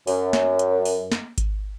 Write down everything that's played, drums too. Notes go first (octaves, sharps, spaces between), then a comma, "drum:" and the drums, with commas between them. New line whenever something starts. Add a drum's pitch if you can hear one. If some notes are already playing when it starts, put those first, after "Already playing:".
F#2, drum: open hi-hat
drum: snare
drum: hi-hat
drum: open hi-hat
drum: snare
drum: kick G#1, hi-hat